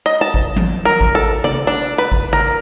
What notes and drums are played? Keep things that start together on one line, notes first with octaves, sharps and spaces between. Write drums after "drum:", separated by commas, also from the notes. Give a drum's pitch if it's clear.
D#5
A5
drum: kick G#1
drum: tom E3
A#4
drum: kick G#1
A4
D5, drum: tom C3
D4
B4
drum: kick G#1
A#4, drum: tom C#3